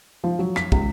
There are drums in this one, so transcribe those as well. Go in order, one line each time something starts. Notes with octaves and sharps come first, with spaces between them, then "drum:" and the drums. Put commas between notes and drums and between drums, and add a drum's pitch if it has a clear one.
F3
F#3
B6, drum: rim click
C#2, drum: kick